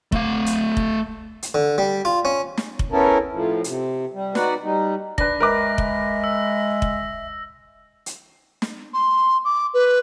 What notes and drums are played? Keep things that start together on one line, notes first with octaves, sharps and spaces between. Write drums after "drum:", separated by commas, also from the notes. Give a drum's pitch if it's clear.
A3 F5, drum: kick F1
drum: hi-hat
drum: kick F1
drum: hi-hat
D3
G3
F4
C#4
drum: snare
drum: kick F1
B3 C#4 E4 A4 A#4
A2 F3
C3, drum: hi-hat
G3
D#4 F#4 B4 D5 F#5, drum: snare
G3 D#4
D4 B4 A#6, drum: kick F1
G#3 A#4 B4 E5 D6
drum: kick F1
E6
drum: kick F1
drum: hi-hat
drum: snare
C6
D6
B4